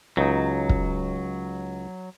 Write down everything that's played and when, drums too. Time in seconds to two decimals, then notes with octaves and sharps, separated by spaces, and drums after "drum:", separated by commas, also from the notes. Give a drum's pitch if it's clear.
0.17 C#2 F#3 D#4
0.69 drum: kick